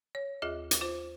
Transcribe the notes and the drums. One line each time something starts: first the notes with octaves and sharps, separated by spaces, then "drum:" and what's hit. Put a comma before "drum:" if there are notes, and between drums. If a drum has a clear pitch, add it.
C#5
D#2 F4 G#4 D#5
drum: hi-hat
F4 C5